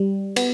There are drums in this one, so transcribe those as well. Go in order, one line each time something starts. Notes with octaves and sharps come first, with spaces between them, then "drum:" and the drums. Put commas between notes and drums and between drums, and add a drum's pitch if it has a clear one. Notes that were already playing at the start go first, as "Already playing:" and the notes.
Already playing: G3
B3, drum: cymbal